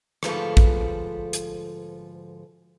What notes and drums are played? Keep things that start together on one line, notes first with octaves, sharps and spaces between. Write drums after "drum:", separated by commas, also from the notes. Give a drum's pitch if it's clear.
D2 G#2 F3 A4 B4 F5, drum: rim click
drum: kick A1
drum: hi-hat